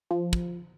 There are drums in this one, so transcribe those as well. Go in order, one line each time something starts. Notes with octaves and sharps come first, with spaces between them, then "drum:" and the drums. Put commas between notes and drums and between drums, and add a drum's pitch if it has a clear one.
F3
drum: kick